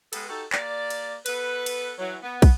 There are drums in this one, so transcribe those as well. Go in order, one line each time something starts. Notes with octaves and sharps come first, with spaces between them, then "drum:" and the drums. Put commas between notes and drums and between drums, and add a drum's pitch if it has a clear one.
G#3 B3 G4 A4 B4, drum: cymbal
D#4 F#4 G4 A4
A#3 G4 D5, drum: clap
drum: cymbal
B3 A4 B4, drum: cymbal
drum: cymbal
E3 F#3
B3
drum: kick, cymbal